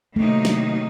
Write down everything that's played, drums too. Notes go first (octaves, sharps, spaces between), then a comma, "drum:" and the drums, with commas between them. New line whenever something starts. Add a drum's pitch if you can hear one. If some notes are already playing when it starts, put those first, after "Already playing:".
C3 D#3 F#3 A3 A#3 D#4
drum: snare